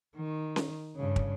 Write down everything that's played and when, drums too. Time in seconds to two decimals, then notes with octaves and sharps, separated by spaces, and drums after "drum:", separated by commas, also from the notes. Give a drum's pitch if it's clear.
0.16 D#3
0.56 drum: snare C#4
0.96 G2 C#3
1.16 drum: kick